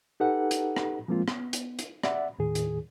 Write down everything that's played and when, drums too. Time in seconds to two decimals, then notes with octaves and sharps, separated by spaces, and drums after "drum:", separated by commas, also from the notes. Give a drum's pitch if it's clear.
0.20 D#4 G4 A4 B4 F#5
0.51 drum: hi-hat
0.76 drum: rim click
1.08 F3 G#3 A#3 C4 F4
1.28 B3, drum: rim click
1.53 drum: hi-hat
1.79 drum: hi-hat
2.03 D5 E5 F#5, drum: rim click
2.39 D#2 A2 D#3 G#4
2.55 drum: hi-hat